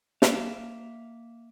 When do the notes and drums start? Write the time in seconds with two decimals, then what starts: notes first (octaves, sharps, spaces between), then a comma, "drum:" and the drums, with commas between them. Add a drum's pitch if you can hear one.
0.22 A#3 E5 F5, drum: snare